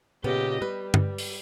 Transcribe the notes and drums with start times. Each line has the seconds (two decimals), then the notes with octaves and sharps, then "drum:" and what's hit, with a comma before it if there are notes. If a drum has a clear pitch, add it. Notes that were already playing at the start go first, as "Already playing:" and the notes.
0.24 A#2 C#3 B3 G4 D#5
0.62 G3 B4
0.94 drum: tom G2
1.18 drum: open hi-hat